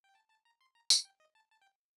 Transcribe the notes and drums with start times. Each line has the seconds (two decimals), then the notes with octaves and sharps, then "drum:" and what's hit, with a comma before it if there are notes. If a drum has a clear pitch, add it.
0.04 G5
0.15 A5
0.30 A5
0.45 A#5
0.61 C6
0.75 A#5
0.90 A5, drum: tambourine
1.05 G5
1.20 D#5
1.35 A5
1.50 A5
1.62 G5